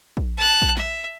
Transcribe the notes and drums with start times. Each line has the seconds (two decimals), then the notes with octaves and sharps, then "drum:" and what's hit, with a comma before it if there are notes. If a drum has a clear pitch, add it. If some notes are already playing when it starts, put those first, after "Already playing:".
0.17 drum: kick A#1
0.37 A5 F#6
0.62 drum: kick A#1
0.77 E5, drum: snare